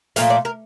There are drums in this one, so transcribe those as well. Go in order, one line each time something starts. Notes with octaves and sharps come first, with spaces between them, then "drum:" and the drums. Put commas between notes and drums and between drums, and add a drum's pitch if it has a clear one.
A#2 F3 A3 F5, drum: hi-hat
D5
A#4